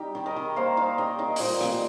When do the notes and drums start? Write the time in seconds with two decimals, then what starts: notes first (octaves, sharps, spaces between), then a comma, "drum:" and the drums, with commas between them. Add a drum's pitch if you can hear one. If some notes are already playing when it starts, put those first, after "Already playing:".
Already playing: G3 D#4 G4
0.15 D#3
0.26 A#4 D#5
0.36 D#3
0.56 A#3 C5 F5
0.77 D#4 C5 F5
0.98 D#3 A#4 D#5
1.19 D#4 A#4 D#5
1.36 A#2 G4 C5 D#5, drum: open hi-hat
1.61 A#2, drum: rim click